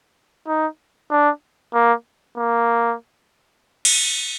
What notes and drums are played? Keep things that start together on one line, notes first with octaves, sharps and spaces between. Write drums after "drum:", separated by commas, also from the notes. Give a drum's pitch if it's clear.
D#4
D4
A#3
A#3
drum: cymbal